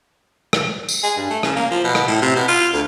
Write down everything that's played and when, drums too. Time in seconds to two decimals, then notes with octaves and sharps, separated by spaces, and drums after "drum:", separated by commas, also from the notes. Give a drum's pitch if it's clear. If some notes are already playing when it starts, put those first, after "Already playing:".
0.53 drum: rim click
0.89 drum: tambourine
1.03 G#4
1.17 G2
1.30 A3
1.43 C#3, drum: rim click
1.56 A#3
1.71 F3
1.84 B2
1.95 drum: rim click
2.07 A2
2.22 C3
2.36 B2
2.48 F4
2.74 D2